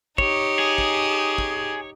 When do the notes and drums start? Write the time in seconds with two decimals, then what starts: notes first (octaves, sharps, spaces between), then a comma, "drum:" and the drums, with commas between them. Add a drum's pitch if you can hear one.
0.18 D#4 G4 C#5, drum: kick
0.59 G#4
0.78 drum: kick
1.38 drum: kick